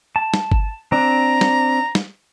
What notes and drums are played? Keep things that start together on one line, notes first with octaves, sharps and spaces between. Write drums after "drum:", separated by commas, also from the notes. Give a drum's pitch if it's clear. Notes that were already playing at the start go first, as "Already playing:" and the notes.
A5
drum: snare
drum: kick G1
C4 D4 A#5
drum: snare
drum: snare